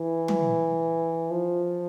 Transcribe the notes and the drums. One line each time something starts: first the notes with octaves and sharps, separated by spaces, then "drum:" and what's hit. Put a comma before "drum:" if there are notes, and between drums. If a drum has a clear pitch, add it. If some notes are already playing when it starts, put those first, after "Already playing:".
Already playing: E3
drum: tom
F3